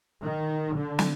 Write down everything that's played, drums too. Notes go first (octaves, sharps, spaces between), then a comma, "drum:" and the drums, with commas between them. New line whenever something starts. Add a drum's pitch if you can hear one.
D#3
D3
drum: snare